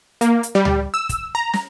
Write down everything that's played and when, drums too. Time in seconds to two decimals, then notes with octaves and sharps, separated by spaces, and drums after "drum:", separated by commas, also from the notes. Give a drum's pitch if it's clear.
0.21 A#3, drum: hi-hat
0.43 drum: hi-hat
0.55 G3
0.65 drum: tom C#2
0.94 E6
1.09 drum: kick, hi-hat
1.35 A#5
1.53 drum: snare